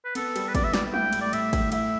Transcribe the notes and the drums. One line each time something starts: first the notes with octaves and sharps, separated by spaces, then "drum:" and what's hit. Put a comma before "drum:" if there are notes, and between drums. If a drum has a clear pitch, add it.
B4
B3 A4, drum: cymbal
G3, drum: cymbal
B4
B3 D5, drum: kick, cymbal
E5
G3 D5, drum: snare
E4 G5, drum: tom G#3
A2, drum: cymbal
D5
A2 E5, drum: cymbal
A2, drum: kick, cymbal
E4 E5, drum: cymbal